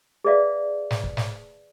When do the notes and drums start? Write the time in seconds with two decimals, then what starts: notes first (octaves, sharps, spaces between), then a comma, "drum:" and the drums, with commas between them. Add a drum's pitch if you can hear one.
0.24 G#4 B4 D5 E5 F5
0.91 drum: snare
1.04 drum: kick
1.17 drum: snare